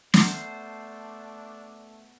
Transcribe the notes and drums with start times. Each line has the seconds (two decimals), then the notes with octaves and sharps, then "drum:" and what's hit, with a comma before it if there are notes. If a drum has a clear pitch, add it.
0.14 A3 B3 D4 C5, drum: snare